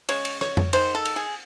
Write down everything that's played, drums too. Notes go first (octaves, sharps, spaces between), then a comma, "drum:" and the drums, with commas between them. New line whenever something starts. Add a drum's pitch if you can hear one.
C#3 G#3 C#5, drum: cymbal
drum: cymbal
C#5, drum: rim click
drum: tom F2
D#3 G#3 C5, drum: cymbal
A4
drum: cymbal
G#4